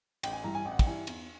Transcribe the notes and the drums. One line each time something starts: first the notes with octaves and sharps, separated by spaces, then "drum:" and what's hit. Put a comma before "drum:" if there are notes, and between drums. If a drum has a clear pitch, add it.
A1 G5, drum: cymbal
G#5
G2 E3 G3 A#5
G#5
A1 G5
F#5
G5, drum: kick, cymbal
G2 E3 G3 G#5
E2, drum: cymbal